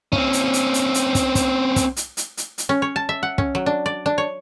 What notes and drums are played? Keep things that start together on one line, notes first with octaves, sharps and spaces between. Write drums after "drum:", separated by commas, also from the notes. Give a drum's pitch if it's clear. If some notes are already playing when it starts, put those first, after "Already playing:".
C4 C#4, drum: kick
drum: hi-hat
drum: hi-hat
drum: hi-hat
drum: hi-hat
drum: kick, hi-hat
drum: kick, hi-hat
drum: kick, hi-hat
drum: hi-hat
drum: hi-hat
drum: hi-hat
drum: hi-hat
C#4
C#5
A5
E5
F#5
C#4, drum: kick
F#3
D4
D5
D4
C#5